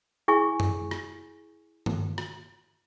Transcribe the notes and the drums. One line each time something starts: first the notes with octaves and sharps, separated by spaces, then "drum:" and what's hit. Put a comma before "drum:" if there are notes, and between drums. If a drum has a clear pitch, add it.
E4 G#4 G#5 C#6
drum: tom F#2
drum: rim click
drum: tom
drum: rim click